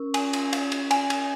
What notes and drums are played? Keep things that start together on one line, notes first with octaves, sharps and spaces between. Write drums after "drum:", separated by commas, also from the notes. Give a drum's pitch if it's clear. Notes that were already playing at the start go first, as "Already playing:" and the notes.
Already playing: C#4 A#4
G#5, drum: cymbal
drum: cymbal
F5, drum: cymbal
drum: cymbal
G#5, drum: cymbal
drum: cymbal